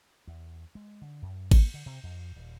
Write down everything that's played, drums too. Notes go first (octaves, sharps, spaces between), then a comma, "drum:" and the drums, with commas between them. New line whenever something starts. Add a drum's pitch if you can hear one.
E2
G#3
D3
F#2
A#3, drum: kick G#1, cymbal
D3
C3
F2
D#1